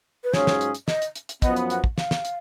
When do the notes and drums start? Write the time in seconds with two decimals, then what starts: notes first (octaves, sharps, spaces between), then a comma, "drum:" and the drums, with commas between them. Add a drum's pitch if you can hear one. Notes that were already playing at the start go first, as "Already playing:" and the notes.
0.24 B4
0.34 G#2 F#3 C#4 F4 G#4 C#5, drum: snare
0.47 drum: snare
0.61 drum: hi-hat
0.75 drum: hi-hat
0.88 D#5, drum: snare
1.02 drum: hi-hat
1.15 drum: hi-hat
1.29 drum: hi-hat
1.42 F#2 F3 B3 D#5, drum: kick, hi-hat
1.56 drum: hi-hat
1.70 F#5, drum: hi-hat
1.84 drum: kick
1.98 F5, drum: snare
2.11 drum: snare
2.25 drum: hi-hat